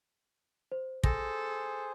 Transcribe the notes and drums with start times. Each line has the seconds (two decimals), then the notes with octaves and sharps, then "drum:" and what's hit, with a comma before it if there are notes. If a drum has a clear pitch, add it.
0.72 C5
1.04 G#4 A4 C5 G#5 A#6, drum: kick